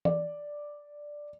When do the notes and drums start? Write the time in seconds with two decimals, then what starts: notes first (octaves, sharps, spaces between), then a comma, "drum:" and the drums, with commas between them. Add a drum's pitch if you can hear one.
0.05 D5, drum: tom E3